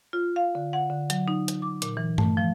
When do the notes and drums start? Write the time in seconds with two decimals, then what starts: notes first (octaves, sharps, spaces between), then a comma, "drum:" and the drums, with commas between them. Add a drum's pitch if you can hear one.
0.13 F4
0.36 F5
0.55 D3
0.73 F#5
0.90 D3
1.10 F#3, drum: hi-hat
1.28 D#4
1.48 drum: hi-hat
1.62 D6
1.82 A#2, drum: hi-hat
1.97 E3
2.18 A3, drum: tom G2
2.37 F3